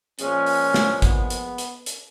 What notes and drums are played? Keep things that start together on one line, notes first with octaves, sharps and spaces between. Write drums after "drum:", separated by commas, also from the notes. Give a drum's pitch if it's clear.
A#2 F3 G#3 C#4, drum: hi-hat
drum: open hi-hat
drum: snare
B3, drum: kick, hi-hat
drum: hi-hat
drum: hi-hat
drum: hi-hat